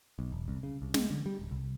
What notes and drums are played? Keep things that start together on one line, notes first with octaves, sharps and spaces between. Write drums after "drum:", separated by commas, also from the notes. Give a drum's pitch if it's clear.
B1
E1
C2
C#3
C2
G#3, drum: snare
D3
G3
D1
C2